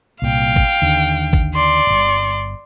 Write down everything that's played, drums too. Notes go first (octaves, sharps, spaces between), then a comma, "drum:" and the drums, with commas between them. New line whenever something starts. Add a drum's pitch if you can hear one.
C2 A#2 F5 G5
drum: kick A1
D#2 D3
drum: kick A1
D5 C6
D1 G1